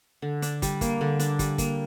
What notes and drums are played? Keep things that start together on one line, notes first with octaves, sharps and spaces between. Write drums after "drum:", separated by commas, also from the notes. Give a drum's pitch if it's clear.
D3
D4, drum: hi-hat
G3, drum: kick, hi-hat
A#3, drum: kick, hi-hat
D3
D4, drum: hi-hat
G3, drum: kick, hi-hat
A#3, drum: kick, hi-hat